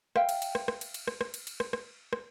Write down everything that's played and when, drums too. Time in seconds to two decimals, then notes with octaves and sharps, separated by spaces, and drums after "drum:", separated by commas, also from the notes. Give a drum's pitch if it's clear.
0.16 E5 F5 G5, drum: rim click
0.29 drum: cymbal
0.42 drum: cymbal
0.55 drum: rim click
0.68 drum: rim click
0.81 drum: cymbal
0.94 drum: cymbal
1.08 drum: rim click
1.21 drum: rim click
1.34 drum: cymbal
1.47 drum: cymbal
1.60 drum: rim click
1.73 drum: rim click
2.13 drum: rim click